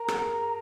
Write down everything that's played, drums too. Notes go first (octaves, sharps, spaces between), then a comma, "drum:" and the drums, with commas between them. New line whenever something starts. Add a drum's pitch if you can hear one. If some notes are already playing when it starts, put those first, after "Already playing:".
Already playing: A#4 A#5
G#4, drum: rim click
A#4